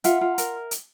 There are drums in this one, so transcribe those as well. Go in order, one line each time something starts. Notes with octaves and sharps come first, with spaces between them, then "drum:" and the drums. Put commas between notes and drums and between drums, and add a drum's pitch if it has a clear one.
F4 E5 F#5, drum: hi-hat
F4
A#4, drum: hi-hat
drum: hi-hat